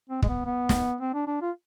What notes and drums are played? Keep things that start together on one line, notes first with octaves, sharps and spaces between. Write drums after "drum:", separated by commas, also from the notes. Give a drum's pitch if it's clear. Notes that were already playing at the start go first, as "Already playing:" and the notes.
C4
G#3, drum: kick
B3
B3
drum: snare
C4
D4
D4
F4